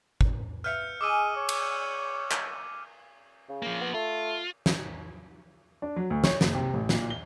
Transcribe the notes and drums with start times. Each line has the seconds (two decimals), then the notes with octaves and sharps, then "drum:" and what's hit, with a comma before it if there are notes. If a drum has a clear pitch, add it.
0.21 drum: kick
0.64 B4 E5 F5 F6 G6 C#7
1.01 G#4 D#5 G#5 D6 E6 D#7
1.36 C#5
1.49 drum: cymbal
2.31 drum: clap
3.49 C#3
3.62 F3 A#3
3.81 B3
3.94 A3 F4
4.66 drum: snare
5.82 D4
5.96 F#3
6.10 D2
6.24 C#5, drum: snare
6.41 F#1, drum: snare
6.55 C3
6.74 A1
6.89 A#2, drum: snare
7.10 G7